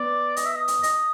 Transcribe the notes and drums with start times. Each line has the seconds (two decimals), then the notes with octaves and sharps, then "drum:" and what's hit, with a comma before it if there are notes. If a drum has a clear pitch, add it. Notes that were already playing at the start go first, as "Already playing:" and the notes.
Already playing: B3 D5
0.37 D#5, drum: hi-hat
0.46 E5
0.55 D#5
0.68 drum: hi-hat
0.83 D#5, drum: hi-hat